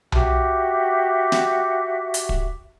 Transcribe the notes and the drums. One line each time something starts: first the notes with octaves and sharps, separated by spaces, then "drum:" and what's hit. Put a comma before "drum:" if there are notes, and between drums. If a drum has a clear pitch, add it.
F#4 G4 E5, drum: tom B1
drum: snare
drum: hi-hat
drum: kick